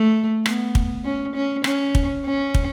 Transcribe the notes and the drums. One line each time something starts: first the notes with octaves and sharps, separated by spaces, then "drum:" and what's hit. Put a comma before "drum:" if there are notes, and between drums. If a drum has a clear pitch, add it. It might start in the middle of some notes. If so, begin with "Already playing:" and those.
Already playing: A3
B3, drum: rim click
drum: kick
C#4
C#4
C#4, drum: rim click
drum: kick
C#4
drum: kick